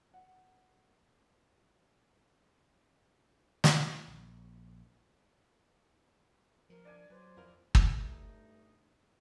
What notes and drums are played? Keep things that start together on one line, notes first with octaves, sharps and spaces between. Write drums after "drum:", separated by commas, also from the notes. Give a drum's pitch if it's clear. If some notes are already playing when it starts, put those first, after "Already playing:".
F#5
drum: snare
A#1
F3 A#4
D4 D5 G#5
F#3 B4 C5
F2 E4 F4 A#4
G2 A3 D#4, drum: kick